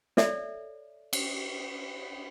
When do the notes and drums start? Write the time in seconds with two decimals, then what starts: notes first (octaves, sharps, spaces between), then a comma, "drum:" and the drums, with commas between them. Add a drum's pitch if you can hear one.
0.17 A4 C#5 D5 E5, drum: snare
1.13 drum: cymbal